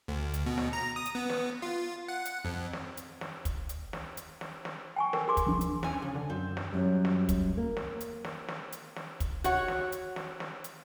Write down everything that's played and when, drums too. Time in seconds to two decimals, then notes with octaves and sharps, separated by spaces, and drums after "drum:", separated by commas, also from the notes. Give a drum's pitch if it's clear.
0.08 D2
0.34 drum: hi-hat
0.46 B2
0.58 drum: snare
0.73 A#5
0.96 D#6
1.06 drum: hi-hat
1.15 B3
1.30 drum: snare
1.62 F4
2.08 F#5
2.25 drum: hi-hat
2.45 F2
2.73 drum: snare
2.97 drum: hi-hat
3.21 drum: snare
3.45 drum: kick, hi-hat
3.69 drum: hi-hat
3.93 drum: snare
4.17 drum: hi-hat
4.41 drum: snare
4.65 drum: snare
4.96 G5 G#5 C#6
5.13 A#4, drum: snare
5.28 G#4 C6 D6
5.37 drum: kick, hi-hat
5.46 E3 F3 D4
5.61 drum: hi-hat
5.83 E2 C#4 G#5, drum: snare
6.02 C#3 F3
6.16 D3
6.30 F#2 C4
6.57 drum: snare
6.73 F#2 G3
7.05 drum: snare
7.29 drum: kick, hi-hat
7.57 A#3
7.77 drum: snare
8.01 drum: hi-hat
8.24 drum: snare
8.48 drum: snare
8.72 drum: hi-hat
8.96 drum: snare
9.20 drum: kick, hi-hat
9.44 F#4 C#5 F#5, drum: hi-hat
9.68 drum: snare
9.92 drum: hi-hat
10.16 drum: snare
10.40 drum: snare
10.64 drum: hi-hat